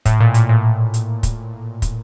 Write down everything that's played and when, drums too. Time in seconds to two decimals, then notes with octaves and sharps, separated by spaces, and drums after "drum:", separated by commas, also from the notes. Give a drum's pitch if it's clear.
0.05 A2, drum: kick, hi-hat
0.20 A#2
0.34 A#2, drum: hi-hat
0.49 A2
0.94 drum: hi-hat
1.23 drum: kick, hi-hat
1.82 drum: kick, hi-hat